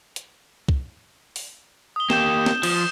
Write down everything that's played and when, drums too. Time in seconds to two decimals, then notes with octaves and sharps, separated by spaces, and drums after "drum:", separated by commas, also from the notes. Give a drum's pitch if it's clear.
0.16 drum: hi-hat
0.68 drum: kick
1.36 drum: open hi-hat
1.96 D#6 G7
2.10 A#3 G4 G6 E7, drum: snare
2.46 drum: snare
2.63 F3, drum: cymbal